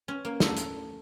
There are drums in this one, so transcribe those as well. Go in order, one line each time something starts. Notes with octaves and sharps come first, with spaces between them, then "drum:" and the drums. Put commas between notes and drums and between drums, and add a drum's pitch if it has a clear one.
C#4
A#3
A3, drum: snare
drum: hi-hat